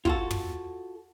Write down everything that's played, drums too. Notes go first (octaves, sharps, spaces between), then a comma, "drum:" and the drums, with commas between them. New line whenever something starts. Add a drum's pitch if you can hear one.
F4 F#4 A4, drum: kick
drum: tom